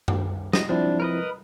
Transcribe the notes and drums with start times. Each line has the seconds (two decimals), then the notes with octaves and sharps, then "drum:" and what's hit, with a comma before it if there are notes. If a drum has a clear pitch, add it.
0.08 drum: tom F#2
0.53 D#5, drum: snare
0.69 F3 C4 D4 E4
1.00 A#4 B4 D#5